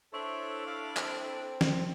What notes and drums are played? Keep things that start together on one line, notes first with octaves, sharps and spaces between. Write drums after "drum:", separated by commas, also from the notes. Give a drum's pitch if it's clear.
D4 E4 A4 C5 C#5 E5
F5 D6
C4, drum: clap
drum: snare